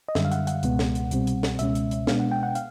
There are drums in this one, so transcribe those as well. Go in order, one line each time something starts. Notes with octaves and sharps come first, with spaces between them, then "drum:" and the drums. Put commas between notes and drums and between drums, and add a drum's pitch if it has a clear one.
D#5
F#2 D3 G3 E5, drum: snare
F5
F#5, drum: hi-hat
F#5, drum: hi-hat
C#2 B2 G#3 B3, drum: hi-hat
drum: snare
drum: hi-hat
C2 B2 G3 C4, drum: hi-hat
drum: hi-hat
drum: snare
C#2 B2 G#3 C#4 E5, drum: hi-hat
drum: hi-hat
drum: hi-hat
B2 G#3 B3 D4 F5, drum: snare
F#5
G5
F#5
F5, drum: hi-hat